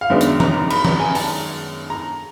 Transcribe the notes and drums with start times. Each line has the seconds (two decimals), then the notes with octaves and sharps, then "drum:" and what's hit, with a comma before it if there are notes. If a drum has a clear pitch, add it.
0.01 F5
0.10 F#2 D#3 G#3 B3 D4 E5
0.21 drum: hi-hat
0.40 A#5, drum: tom E3
0.70 B5, drum: cymbal
0.85 A#5, drum: tom E3
0.99 G#5
1.15 A5, drum: open hi-hat
1.90 A#5